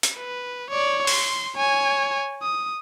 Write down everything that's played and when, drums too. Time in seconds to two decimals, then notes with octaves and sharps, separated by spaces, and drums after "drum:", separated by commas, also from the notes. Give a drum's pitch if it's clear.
0.03 drum: hi-hat
0.16 B4
0.70 C#5 D5
1.07 C6, drum: open hi-hat
1.57 C#5 G#5
2.42 D#6